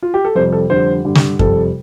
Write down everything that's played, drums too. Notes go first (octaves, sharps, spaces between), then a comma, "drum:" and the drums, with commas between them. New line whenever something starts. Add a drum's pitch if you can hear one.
F4
G4
A4
F2 C3 G3 C5
A4
F2 D3 G3 C5
G2 D3 G3
drum: snare
F2 C3 G3 A4, drum: kick F#2